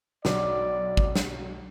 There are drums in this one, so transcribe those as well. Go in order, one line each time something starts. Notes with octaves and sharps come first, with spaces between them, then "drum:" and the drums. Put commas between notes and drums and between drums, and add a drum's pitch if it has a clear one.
B1 D5, drum: snare
drum: kick G#1
drum: snare